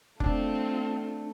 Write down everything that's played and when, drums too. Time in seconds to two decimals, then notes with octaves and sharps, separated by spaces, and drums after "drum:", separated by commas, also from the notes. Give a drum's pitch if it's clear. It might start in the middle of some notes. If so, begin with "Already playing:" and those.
0.20 A3 C4 D4 F4, drum: kick F1